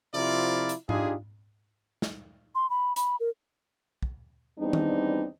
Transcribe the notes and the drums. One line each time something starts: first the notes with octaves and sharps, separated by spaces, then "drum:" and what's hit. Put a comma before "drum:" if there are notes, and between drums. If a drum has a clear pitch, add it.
C3 F3 E4 F4 A#4 D5
drum: hi-hat
D4 D#4 F4 G4 G#4, drum: tom G#2
drum: snare
C6
B5
B5, drum: hi-hat
A#4
drum: kick
E2 G3 B3 C4 D4 D#4
drum: tom D#3